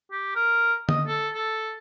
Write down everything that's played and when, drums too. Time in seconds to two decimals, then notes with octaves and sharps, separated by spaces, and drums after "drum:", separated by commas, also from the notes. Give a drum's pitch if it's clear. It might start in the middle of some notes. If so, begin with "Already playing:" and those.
0.12 G4
0.35 A#4
0.89 D#5, drum: tom D3
1.07 A4
1.34 A4